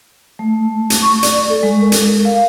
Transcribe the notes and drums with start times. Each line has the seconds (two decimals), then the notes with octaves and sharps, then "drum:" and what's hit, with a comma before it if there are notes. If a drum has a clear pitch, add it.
0.39 A3
0.90 drum: hi-hat
1.02 C#6
1.23 D5, drum: hi-hat
1.50 A4
1.63 G#3
1.81 A#4
1.92 drum: hi-hat
2.25 F5